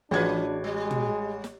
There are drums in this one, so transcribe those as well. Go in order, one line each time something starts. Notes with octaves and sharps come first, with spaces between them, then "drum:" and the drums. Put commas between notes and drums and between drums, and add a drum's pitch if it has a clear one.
A1 E3 D4 F4 F#4 G#4 B4 G#6
G3 G#3
drum: tom
drum: snare